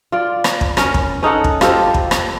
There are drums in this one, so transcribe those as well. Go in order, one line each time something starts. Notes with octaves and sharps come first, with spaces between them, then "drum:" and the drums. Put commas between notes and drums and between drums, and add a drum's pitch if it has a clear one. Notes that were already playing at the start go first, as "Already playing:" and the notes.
F4 D5
drum: rim click
drum: kick
C#4 A#4, drum: rim click
drum: kick
C#4 D#4 A4 F#5
drum: kick
F4 G4 A4 C5, drum: rim click
drum: kick
drum: rim click